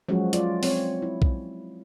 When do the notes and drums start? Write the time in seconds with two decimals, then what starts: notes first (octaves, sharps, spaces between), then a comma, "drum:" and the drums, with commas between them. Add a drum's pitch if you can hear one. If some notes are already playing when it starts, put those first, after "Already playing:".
0.09 F3 F#3 G#3 C#4 F#4
0.33 F4 D5, drum: hi-hat
0.63 C4 C#5, drum: open hi-hat
1.02 E4
1.22 drum: kick